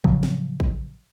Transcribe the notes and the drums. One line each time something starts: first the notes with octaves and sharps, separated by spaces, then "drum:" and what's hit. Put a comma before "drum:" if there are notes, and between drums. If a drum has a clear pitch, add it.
A2 C#3 F3 F#3, drum: kick
drum: snare
drum: kick